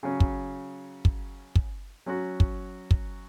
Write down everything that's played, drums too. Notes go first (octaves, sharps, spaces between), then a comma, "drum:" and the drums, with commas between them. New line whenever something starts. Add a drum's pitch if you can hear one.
C#3 F#3 C#4
drum: kick
drum: kick
drum: kick
F#3 C#4 F#4
drum: kick
drum: kick